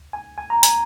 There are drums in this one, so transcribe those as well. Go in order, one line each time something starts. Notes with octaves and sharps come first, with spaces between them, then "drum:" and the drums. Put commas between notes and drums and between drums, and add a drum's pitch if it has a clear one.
G#5
G#5
A#5
G#5, drum: hi-hat